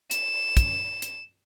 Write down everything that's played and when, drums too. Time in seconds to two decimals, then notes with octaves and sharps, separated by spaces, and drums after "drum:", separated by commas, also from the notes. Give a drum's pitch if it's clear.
0.11 E7, drum: hi-hat
0.57 drum: kick, hi-hat
1.02 drum: hi-hat